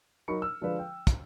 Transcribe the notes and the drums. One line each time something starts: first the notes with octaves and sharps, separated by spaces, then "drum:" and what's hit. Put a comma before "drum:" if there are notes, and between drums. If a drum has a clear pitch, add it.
F#3 D#4 A#4 B5 C#6 C#7
E6 F6
D3 F3 G#3 D4 F4 B4
G5
drum: kick, hi-hat